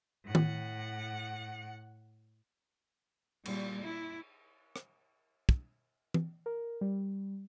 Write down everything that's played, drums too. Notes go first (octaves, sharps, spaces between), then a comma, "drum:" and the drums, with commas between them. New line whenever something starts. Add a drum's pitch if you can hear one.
A2 F#5
drum: tom D#3
A#2 G3, drum: cymbal
E4
drum: rim click
drum: kick
drum: tom E3
A#4
G3